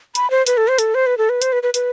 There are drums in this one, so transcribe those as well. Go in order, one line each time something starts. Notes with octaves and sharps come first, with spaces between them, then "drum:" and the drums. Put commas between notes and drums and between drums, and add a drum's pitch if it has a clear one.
B5, drum: hi-hat
C5
B4, drum: hi-hat
A4
C5
A4, drum: hi-hat
C5
B4
A4
B4
C5, drum: hi-hat
B4
B4
B4, drum: hi-hat